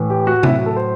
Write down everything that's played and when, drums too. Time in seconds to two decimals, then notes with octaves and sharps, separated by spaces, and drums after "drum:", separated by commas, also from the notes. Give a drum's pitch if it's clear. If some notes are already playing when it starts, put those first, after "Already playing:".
Already playing: A2 E3
0.10 G4
0.27 F#4
0.43 A2 F#3 E4, drum: tom
0.66 A4
0.76 C5